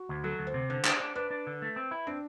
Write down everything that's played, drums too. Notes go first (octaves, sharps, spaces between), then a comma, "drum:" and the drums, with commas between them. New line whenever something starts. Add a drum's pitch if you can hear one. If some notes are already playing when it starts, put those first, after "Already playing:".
Already playing: F#4
D2
F#3 A4
D2
C5
C3
D3 C5
D4, drum: clap
D4
D4 B4
D4
D3
A3
C4
E4
C4 D4